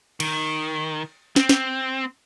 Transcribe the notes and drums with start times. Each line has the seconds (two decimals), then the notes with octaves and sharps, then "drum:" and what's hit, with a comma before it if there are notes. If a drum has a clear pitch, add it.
0.20 D#3, drum: cymbal
1.36 C4, drum: snare
1.49 drum: snare